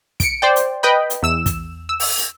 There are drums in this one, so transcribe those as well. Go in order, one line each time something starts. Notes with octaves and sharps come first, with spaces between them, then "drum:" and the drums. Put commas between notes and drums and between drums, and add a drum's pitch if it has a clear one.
C#7 D7, drum: kick, hi-hat
C5 D5 G5
drum: hi-hat
B4 D#5 G5 B5
drum: hi-hat
E2 E6 E7
drum: kick, hi-hat
E6
drum: open hi-hat
drum: hi-hat